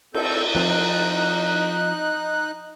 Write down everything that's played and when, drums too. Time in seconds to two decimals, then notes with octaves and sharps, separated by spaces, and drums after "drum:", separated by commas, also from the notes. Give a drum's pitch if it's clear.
0.14 C4 A4 G6, drum: cymbal
0.55 F3 C4 D#4 F#6